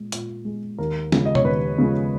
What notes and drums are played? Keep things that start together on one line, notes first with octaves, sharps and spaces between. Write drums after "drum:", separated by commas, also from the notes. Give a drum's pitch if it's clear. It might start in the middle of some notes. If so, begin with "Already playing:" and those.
Already playing: A#2 G#3
A#2, drum: hi-hat
G#3
D#2 A#4
C#3 F3 G#3, drum: snare
D#5
C#5, drum: tom B2
D#2 B4
C#3 F3 G#3